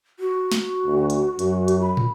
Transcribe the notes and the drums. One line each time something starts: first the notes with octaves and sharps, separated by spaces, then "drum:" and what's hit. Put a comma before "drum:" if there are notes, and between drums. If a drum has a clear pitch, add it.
F#4
drum: snare
D2
drum: hi-hat
F#2, drum: hi-hat
drum: hi-hat
B5
drum: tom